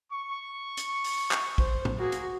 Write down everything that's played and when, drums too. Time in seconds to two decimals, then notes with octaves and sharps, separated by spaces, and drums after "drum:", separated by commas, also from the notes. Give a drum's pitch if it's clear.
0.12 C#6
0.77 drum: hi-hat
1.04 drum: open hi-hat
1.31 drum: clap
1.58 C5, drum: kick
1.85 drum: tom
1.99 A#3 F#4 G#4
2.12 drum: hi-hat